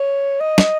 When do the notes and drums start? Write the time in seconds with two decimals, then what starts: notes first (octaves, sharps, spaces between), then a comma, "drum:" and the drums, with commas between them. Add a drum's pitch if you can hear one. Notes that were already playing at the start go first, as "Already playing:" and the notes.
Already playing: C#5
0.40 D#5
0.58 drum: snare